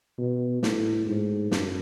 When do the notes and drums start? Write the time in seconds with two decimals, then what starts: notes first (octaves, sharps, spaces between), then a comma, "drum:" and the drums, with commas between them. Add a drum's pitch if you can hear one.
0.18 B2
0.63 A2, drum: snare
1.07 G#2
1.51 F#2, drum: snare